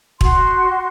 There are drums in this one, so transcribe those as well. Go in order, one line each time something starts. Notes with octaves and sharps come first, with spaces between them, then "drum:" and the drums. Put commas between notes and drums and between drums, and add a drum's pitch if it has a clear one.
F#4 C6, drum: kick